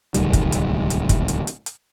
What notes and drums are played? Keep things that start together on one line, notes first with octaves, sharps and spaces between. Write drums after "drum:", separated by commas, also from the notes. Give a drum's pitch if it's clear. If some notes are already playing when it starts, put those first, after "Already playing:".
D1 C2 D#3 G3, drum: hi-hat
drum: kick, hi-hat
drum: hi-hat
drum: hi-hat
drum: kick, hi-hat
drum: hi-hat
drum: hi-hat
drum: hi-hat